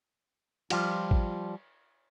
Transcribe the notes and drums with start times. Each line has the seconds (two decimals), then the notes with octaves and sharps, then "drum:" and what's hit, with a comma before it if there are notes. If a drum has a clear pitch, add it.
0.70 F3 G3 F4, drum: cymbal
1.11 drum: kick